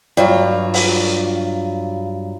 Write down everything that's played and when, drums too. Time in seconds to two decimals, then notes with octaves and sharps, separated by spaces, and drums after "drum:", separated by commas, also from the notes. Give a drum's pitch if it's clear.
0.17 G2 F#3 F4
0.74 drum: open hi-hat